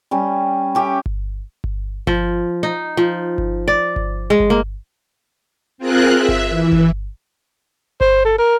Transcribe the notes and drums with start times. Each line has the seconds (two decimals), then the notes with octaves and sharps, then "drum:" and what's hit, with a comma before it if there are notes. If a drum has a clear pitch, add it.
0.11 G3 C#4
0.75 C#4 G4 E5
1.06 drum: kick G1
1.64 drum: kick G1
2.07 F3, drum: kick G1
2.63 D#4
2.97 F3
3.38 drum: kick G1
3.68 D5
3.96 drum: kick G1
4.30 G#3
4.40 drum: kick G1
4.50 A#3
5.78 C4 F4 G#4 A#4 F#6
6.14 E5
6.29 drum: kick G1
6.48 E3
6.72 drum: kick G1
8.01 C5, drum: kick G1
8.25 A4
8.38 A#4